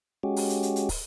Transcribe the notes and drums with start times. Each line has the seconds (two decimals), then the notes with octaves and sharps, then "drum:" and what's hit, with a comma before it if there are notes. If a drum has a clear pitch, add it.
0.23 G#3 C#4 F#4 G4
0.36 drum: open hi-hat
0.50 drum: hi-hat
0.63 drum: hi-hat
0.76 drum: hi-hat
0.89 drum: kick, open hi-hat